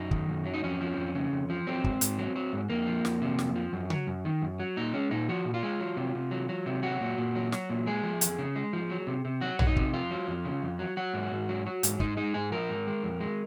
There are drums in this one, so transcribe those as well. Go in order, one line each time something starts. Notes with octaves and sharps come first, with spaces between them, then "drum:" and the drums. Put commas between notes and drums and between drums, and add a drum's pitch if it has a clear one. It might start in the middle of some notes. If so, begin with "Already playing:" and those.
Already playing: F#2 D#4
D#3, drum: kick
F#2
F#3
D#4
F2 C#4
F3
F2
C#3
F2
F3
F#3 C4
G#2, drum: kick
G#2, drum: hi-hat
F#3
F#3
G#2
F2 A#3
F3
F2, drum: snare
C3
F2, drum: snare
F3
F#2
F#3, drum: tom C#3
F#2
D#3
F#2
F#3
A#2 D#4
G#3 C#4
A#2 D#4
F3 F#4
A#2
F4
G#3
F#3
C3
C3
F#3
F#3
C3
F#3 F#4
A#2
A#2
F#3
F#3, drum: snare
A#2
G#3 G#4
F3
F2, drum: hi-hat
C#3
G#3
F3
F#3
C3
C3
F#3 F#4
F#3, drum: tom A#1
D#4
C3, drum: kick
F2 F4
F#3
F2
C#3
F2
F#3
F#3 F#4
G#2
G#2
F#3
F#3
G#2, drum: hi-hat
G#2 D#4, drum: kick
G#3 D#4
G#2 G#4
F3 A#4
G#2
G#3
F2
G#3